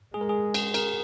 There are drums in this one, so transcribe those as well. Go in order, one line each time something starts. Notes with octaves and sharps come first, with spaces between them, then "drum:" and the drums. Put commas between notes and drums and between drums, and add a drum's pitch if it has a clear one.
G#3 G#4
A#4
G#4
drum: cymbal
A#4, drum: cymbal